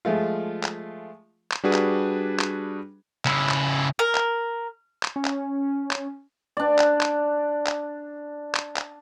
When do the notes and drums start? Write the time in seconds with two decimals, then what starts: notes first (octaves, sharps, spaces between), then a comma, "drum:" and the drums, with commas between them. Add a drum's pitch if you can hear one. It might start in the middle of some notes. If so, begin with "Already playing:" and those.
0.05 F3 G#3 A3 F4
0.63 drum: clap
1.51 drum: clap
1.64 G3 D4 F#4 G#4 B4
1.73 drum: clap
2.39 drum: clap
3.25 C#3 E4, drum: clap
3.49 drum: clap
3.99 A#4
4.15 drum: clap
5.03 drum: clap
5.16 C#4
5.25 drum: clap
5.91 drum: clap
6.57 D4 D5
6.79 drum: clap
7.01 drum: clap
7.67 drum: clap
8.54 drum: clap
8.76 drum: clap